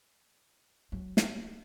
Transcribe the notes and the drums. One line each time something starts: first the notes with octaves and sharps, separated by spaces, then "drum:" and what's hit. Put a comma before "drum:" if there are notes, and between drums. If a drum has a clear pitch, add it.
F#3
drum: snare